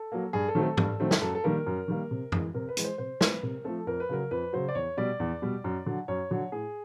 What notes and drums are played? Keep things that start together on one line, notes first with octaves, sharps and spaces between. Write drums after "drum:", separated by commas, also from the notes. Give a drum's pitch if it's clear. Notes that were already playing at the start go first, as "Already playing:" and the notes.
Already playing: A4
F#3 A#3
G2 G#4
A4
D#3 F#3 A3 C4
A4
G2, drum: tom G#2
D#3 F#3 A3 C4
drum: snare
F#2 A4
A4
D#3 G3 A#3 A#4
F#2
D#3 G3 A#3
C3
E3 G#3, drum: tom F#2
C3 A#4
B4
E3 G#3, drum: hi-hat
C5
C3 C5
F3 A3 C4 B4, drum: snare
C3 A#4
F3 A3 C4 A4
F2 A#4
B4
C#3 F#3 A#4
F2 B4
C#3 F#3 C5
D5
E2 C#5
B2 G3 D5
E2
B2 G3
F#2
D3 F#3
F#2 C#5
D3 F#3
A2 G#4